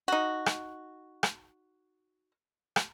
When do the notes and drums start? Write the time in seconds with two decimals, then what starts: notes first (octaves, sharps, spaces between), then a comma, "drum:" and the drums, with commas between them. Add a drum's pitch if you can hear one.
0.08 D#4 F#4
0.46 drum: rim click
1.23 drum: rim click
2.76 drum: rim click